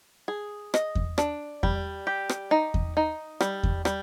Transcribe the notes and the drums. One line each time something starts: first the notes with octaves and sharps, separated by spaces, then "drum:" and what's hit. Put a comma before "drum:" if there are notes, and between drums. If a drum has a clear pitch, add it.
G#4
D#5, drum: rim click
drum: kick E2
D4, drum: rim click
G3, drum: kick E2
G4
drum: rim click
D#4
drum: kick E2
D#4
G3, drum: rim click
drum: kick E2
G3, drum: rim click